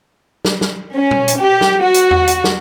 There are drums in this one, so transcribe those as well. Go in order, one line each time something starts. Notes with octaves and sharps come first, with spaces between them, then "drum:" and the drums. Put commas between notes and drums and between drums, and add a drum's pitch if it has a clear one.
drum: snare
drum: snare
C#4
drum: tom
drum: hi-hat
G4
drum: snare
F#4
drum: hi-hat
drum: tom E2
drum: hi-hat
drum: snare